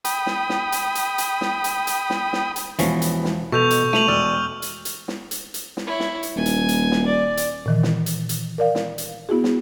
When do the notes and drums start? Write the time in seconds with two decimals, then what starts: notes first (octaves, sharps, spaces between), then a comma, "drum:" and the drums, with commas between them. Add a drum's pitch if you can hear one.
0.05 G5 B5 D#6, drum: hi-hat
0.26 drum: snare
0.49 drum: snare
0.72 drum: hi-hat
0.95 drum: hi-hat
1.18 drum: hi-hat
1.41 drum: snare
1.64 drum: hi-hat
1.87 drum: hi-hat
2.10 drum: snare
2.33 drum: snare
2.56 drum: hi-hat
2.79 E1 E3 F3 B3 C#4, drum: hi-hat
3.02 drum: hi-hat
3.25 drum: snare
3.52 B2 A4 C#6 G6 F7
3.70 drum: hi-hat
3.93 A3 D#7 F7 F#7, drum: snare
4.08 E1 D5 E6 F6
4.62 drum: hi-hat
4.85 drum: hi-hat
5.08 drum: snare
5.31 drum: hi-hat
5.54 drum: hi-hat
5.77 drum: snare
5.87 E4 C#5
6.00 drum: snare
6.23 drum: hi-hat
6.36 D#1 G#5
6.46 drum: hi-hat
6.69 drum: hi-hat
6.92 drum: snare
7.06 D5
7.37 drum: hi-hat
7.66 A#2 D#3 E3
7.83 drum: snare
8.06 drum: hi-hat
8.29 drum: hi-hat
8.58 A#4 D5 F5
8.75 drum: snare
8.98 drum: hi-hat
9.29 B3 E4 F#4 G#4
9.44 drum: snare